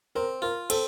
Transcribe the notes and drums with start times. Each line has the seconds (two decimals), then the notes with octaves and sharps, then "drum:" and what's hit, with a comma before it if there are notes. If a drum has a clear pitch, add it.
0.15 C4 A#4
0.42 F4 A#4
0.70 C4 A4, drum: cymbal